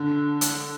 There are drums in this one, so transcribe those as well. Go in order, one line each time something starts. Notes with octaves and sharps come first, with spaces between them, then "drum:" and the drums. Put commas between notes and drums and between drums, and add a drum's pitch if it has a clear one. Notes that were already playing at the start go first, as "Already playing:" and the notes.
Already playing: D3
drum: hi-hat